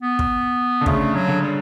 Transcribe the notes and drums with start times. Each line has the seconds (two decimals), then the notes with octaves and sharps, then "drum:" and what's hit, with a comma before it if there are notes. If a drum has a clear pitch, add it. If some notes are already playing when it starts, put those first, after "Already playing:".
0.02 B3
0.19 drum: kick
0.81 D3
0.86 C#3 A3, drum: kick
1.15 F#3
1.28 D3
1.42 G3